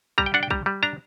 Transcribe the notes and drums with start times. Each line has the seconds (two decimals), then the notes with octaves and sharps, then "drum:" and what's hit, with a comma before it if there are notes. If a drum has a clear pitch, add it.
0.18 G3 A#5, drum: kick B1
0.26 G5
0.34 D4 F#5
0.43 G5
0.50 G3 A#5, drum: kick B1
0.66 G3
0.83 D4 A#5